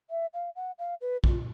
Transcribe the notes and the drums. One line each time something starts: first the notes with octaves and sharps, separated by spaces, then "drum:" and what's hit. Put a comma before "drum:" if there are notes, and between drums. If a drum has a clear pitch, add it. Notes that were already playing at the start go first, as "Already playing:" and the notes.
E5
F5
F#5
F5
B4
F4, drum: kick A#1